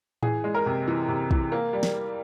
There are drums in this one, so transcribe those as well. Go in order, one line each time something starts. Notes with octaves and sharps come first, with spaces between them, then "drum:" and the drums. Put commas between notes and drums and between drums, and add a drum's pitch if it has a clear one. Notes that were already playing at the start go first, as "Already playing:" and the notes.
E3 G#4, drum: tom A2
G#3
A#4
C3
E3
C3
E3, drum: kick
A#3
G3
drum: snare